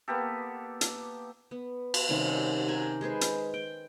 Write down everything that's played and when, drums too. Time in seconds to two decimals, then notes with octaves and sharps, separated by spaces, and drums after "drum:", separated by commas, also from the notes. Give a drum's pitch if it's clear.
0.08 A#3 B3 G4 A4
0.81 drum: hi-hat
1.51 B3
1.94 drum: cymbal
2.09 C3 D#3 G3 C#4
2.68 G4 G#5 A#5
3.01 G#3 G#4 B4 C5
3.21 drum: hi-hat
3.54 G5